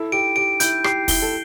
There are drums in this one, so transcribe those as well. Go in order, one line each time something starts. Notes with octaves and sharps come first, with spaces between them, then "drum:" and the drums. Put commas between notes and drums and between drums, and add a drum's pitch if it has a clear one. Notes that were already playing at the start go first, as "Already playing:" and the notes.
Already playing: E4 A4
G4 D7
G4 D7
E4 G6, drum: hi-hat
G4 C7, drum: rim click
E4 G7, drum: kick, open hi-hat
A4